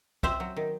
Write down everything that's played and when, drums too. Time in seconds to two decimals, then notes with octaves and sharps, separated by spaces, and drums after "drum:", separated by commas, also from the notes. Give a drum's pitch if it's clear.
0.23 C4 C5 E5, drum: kick
0.40 F#3
0.56 D#3